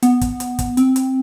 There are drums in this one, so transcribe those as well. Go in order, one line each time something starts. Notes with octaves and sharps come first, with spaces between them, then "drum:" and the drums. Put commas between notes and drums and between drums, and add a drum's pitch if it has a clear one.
B3, drum: hi-hat
drum: kick, hi-hat
drum: hi-hat
drum: kick, hi-hat
C4, drum: hi-hat
drum: hi-hat